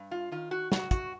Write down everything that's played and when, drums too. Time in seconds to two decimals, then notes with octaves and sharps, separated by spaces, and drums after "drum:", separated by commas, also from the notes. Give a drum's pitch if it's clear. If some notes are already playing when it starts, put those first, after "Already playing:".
Already playing: G2
0.11 F4
0.31 D#3 F4
0.51 F#4
0.72 G2 F#4, drum: snare
0.91 F#4, drum: kick, hi-hat